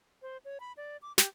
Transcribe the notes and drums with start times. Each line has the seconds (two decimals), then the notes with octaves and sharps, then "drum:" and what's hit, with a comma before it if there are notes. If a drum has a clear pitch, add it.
0.22 C5
0.45 C#5
0.60 B5
0.77 D5
1.02 D6
1.18 G4, drum: snare